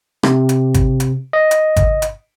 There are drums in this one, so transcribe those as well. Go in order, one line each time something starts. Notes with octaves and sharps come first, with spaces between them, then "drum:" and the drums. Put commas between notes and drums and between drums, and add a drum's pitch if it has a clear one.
C3, drum: rim click
drum: hi-hat
drum: kick G#1, hi-hat
drum: hi-hat
D#5
drum: hi-hat
drum: kick G#1, hi-hat
drum: hi-hat